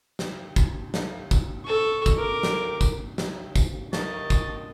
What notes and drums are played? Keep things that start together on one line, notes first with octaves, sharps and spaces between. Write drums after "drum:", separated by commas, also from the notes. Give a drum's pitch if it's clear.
drum: snare
drum: kick, tambourine
drum: snare
drum: kick, tambourine
A4 C#6
drum: kick, tambourine
A#4 D6
drum: snare
drum: kick, tambourine
drum: snare
drum: kick, tambourine
A#4 D#5 A5 C#6, drum: snare
drum: kick, tambourine